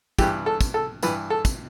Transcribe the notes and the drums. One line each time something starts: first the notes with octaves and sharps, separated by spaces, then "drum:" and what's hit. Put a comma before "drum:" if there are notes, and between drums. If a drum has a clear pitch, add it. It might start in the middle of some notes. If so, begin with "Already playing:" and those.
G2 E3 G4, drum: kick, tambourine
A4
drum: kick, tambourine
A4
G2 E3 B4, drum: tambourine
A4
drum: kick, tambourine